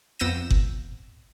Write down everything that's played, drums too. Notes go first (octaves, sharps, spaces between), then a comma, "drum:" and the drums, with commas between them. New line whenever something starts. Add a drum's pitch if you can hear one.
F2 B3 E6 G6 A#6 D#7
drum: kick F#1